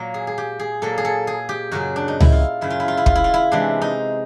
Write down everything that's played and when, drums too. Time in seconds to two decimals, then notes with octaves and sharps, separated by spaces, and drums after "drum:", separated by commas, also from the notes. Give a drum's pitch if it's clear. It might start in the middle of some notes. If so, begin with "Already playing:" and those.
Already playing: A#2 F#3 A#3
0.14 G#4
0.27 G#4
0.38 G4
0.59 G#4
0.82 A#2 F#3 A#3 A4
0.98 G#4
1.05 A4
1.27 G#4
1.49 G4
1.71 F#2 C#3 F#3 F#4
1.96 D4
2.08 D#4
2.20 E4, drum: tom C#2
2.32 F4
2.61 F#2 C#3 F#3 E4
2.70 F4
2.80 E4
2.88 F4
2.97 E4
3.06 F4, drum: kick
3.15 E4
3.24 F4
3.34 E4
3.51 C3 E3 G#3 D4
3.82 D#4